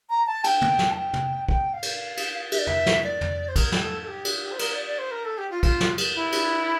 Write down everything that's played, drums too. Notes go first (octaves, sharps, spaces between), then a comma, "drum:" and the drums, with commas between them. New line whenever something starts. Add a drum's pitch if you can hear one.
A#5
A5
G5, drum: cymbal
drum: tom
drum: snare
A5
G5
drum: tom
G5, drum: kick
F5
drum: cymbal
drum: cymbal
E5, drum: cymbal
D5
E5, drum: tom
drum: snare
D5
drum: tom
C5
A#4, drum: kick, cymbal
G4, drum: snare
A4
A4
G4
drum: cymbal
G4
C5
A#4, drum: cymbal
D5
D5
C5
A#4
A4
G4
F4
F4, drum: kick, cymbal
drum: snare
drum: cymbal
E4
drum: cymbal